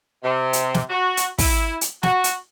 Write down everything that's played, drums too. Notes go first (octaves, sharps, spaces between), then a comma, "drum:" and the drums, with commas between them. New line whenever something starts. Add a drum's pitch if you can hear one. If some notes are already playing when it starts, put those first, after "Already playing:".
C3
drum: hi-hat
drum: snare
F#4
drum: hi-hat
E4, drum: kick, open hi-hat
drum: hi-hat
F#4, drum: snare
drum: hi-hat